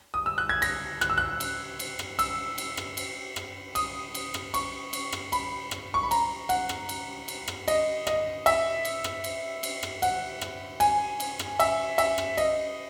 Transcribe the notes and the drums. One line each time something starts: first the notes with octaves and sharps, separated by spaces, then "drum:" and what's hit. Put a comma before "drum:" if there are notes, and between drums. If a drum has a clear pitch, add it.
D#6
E6
F#6
G#6
A#6, drum: cymbal
F#6, drum: rim click
E6
F#6
drum: cymbal
drum: cymbal
drum: rim click
E6, drum: cymbal
drum: cymbal
drum: rim click
drum: cymbal
drum: rim click
D#6, drum: cymbal
drum: cymbal
drum: rim click
C#6, drum: cymbal
drum: cymbal
drum: rim click
B5, drum: cymbal
drum: rim click
C#6
B5
A#5, drum: cymbal
F#5, drum: cymbal
drum: rim click
drum: cymbal
drum: cymbal
drum: rim click
D#5, drum: cymbal
D#5, drum: rim click
E5, drum: cymbal
drum: cymbal
drum: rim click
drum: cymbal
drum: cymbal
drum: rim click
F#5, drum: cymbal
drum: rim click
G#5, drum: cymbal
drum: cymbal
drum: rim click
E5, drum: cymbal
E5, drum: cymbal
drum: rim click
D#5, drum: cymbal